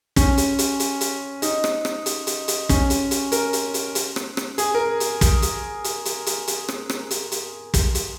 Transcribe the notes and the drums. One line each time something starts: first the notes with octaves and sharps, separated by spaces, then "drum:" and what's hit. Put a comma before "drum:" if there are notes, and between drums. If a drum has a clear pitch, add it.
C#4, drum: kick, hi-hat
drum: hi-hat
drum: hi-hat
drum: hi-hat
drum: hi-hat
D#4, drum: hi-hat
drum: rim click
drum: rim click
drum: hi-hat
drum: hi-hat
drum: hi-hat
C#4, drum: kick, hi-hat
drum: hi-hat
drum: hi-hat
A#4, drum: hi-hat
drum: hi-hat
drum: hi-hat
drum: hi-hat
drum: rim click
drum: rim click
G#4, drum: hi-hat
A#4
drum: hi-hat
drum: kick, hi-hat
drum: hi-hat
drum: hi-hat
drum: hi-hat
drum: hi-hat
drum: hi-hat
drum: rim click
drum: rim click
drum: hi-hat
drum: hi-hat
drum: kick, hi-hat
drum: hi-hat